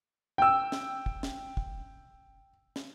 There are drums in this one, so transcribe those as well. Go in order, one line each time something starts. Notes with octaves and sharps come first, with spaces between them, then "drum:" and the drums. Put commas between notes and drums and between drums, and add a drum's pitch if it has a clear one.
G5 E6
drum: snare
drum: kick
drum: snare
drum: kick
drum: snare